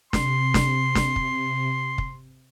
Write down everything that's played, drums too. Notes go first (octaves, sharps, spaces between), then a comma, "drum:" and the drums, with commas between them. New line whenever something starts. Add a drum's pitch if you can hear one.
C3 C6, drum: snare
drum: snare
drum: snare
drum: kick
drum: kick